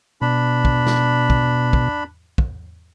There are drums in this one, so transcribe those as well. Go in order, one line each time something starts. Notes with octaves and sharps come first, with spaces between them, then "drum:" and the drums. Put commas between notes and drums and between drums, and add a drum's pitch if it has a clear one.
B2 D4 B5
drum: kick
drum: snare
drum: kick
drum: kick
drum: kick